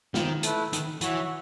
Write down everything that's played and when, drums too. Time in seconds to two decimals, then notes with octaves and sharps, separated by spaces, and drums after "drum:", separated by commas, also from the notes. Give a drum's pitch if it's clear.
0.14 D#3, drum: snare
0.43 A3 E4 B4, drum: hi-hat
0.73 D#3, drum: hi-hat
1.01 E3 F#4 C#5 E5, drum: hi-hat